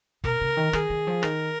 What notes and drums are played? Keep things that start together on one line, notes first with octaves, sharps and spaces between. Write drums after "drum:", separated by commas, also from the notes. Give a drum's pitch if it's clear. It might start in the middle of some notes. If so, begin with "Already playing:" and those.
B2 A#4, drum: kick
C#3
D#3
D#3 G#4, drum: rim click
D#3
F3
D#3 A#4, drum: rim click